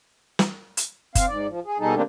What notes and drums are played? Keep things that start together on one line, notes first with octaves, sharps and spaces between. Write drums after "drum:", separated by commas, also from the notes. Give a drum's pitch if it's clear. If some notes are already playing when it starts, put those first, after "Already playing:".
drum: snare
drum: hi-hat
C4 F5, drum: kick F#1, hi-hat
G#2 D5
F3
G#4
B2 G3 D#4 G#4 A4
D#3 A3 A#3 C4 D4 G4